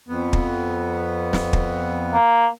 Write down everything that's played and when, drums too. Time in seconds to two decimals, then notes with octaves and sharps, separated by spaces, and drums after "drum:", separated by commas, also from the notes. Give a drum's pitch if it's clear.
0.09 F2 B3
0.33 drum: kick
1.33 drum: snare
1.53 drum: kick
2.13 A#3